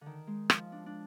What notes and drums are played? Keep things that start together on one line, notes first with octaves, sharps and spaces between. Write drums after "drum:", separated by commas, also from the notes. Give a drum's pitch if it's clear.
D3 D#3
G#3
F3, drum: rim click
D4
D4